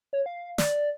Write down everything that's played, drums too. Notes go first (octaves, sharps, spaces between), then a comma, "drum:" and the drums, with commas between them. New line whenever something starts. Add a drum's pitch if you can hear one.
C#5
F5
D5, drum: snare